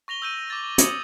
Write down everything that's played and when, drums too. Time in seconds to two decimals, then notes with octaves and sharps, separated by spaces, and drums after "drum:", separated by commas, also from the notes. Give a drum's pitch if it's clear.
0.08 C#6 A#6 F7 G7
0.22 E6 G6 D#7
0.50 D6 A6
0.78 D#6 G#6 A6 C#7 F#7, drum: hi-hat